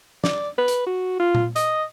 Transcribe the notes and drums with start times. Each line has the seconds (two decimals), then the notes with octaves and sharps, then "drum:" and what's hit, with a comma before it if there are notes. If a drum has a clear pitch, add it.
0.24 D5, drum: snare
0.58 B4
0.68 drum: hi-hat
0.87 F#4
1.20 F4
1.35 drum: tom A#2
1.56 D#5, drum: hi-hat